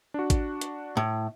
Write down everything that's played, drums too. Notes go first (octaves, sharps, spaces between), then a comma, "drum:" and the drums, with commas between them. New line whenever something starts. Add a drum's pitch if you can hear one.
D4 F#4
drum: kick G#1, hi-hat
drum: hi-hat
A2